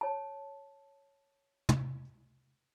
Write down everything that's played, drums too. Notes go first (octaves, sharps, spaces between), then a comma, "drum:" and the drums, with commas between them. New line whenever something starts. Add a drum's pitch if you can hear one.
C#5 A5
drum: tom